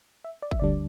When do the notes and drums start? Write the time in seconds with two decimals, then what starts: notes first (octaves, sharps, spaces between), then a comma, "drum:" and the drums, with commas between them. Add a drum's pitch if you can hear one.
0.24 E5
0.42 D5
0.51 E5, drum: kick
0.59 D2 D3 G3 D4 D5